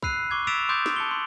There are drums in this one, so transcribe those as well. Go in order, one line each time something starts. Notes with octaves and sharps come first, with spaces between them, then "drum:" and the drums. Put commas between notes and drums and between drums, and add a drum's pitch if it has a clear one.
B5 E6 F#6 C7 D#7, drum: kick
C#6 D6 G#6
E6 A6 B6 D7 E7 F7
C6 D6 D#6 G6 A6 D7
drum: snare
A5 C#7 G7
C6